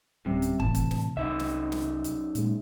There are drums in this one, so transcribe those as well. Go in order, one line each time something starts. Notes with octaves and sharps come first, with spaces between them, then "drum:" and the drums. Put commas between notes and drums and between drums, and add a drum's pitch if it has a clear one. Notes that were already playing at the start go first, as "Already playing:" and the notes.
D1 C3 G3 C#4
drum: hi-hat
A2 C3 E3 A5, drum: kick
drum: kick, hi-hat
drum: snare
C2 F#2 D#4 E5
drum: snare
drum: snare
drum: hi-hat
A#2 G#3, drum: hi-hat